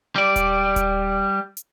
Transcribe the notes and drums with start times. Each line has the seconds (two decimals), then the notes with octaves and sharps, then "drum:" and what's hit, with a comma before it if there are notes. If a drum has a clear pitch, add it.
0.16 G3 D5
0.36 drum: kick D#1, hi-hat
0.76 drum: kick D#1, hi-hat
1.57 drum: hi-hat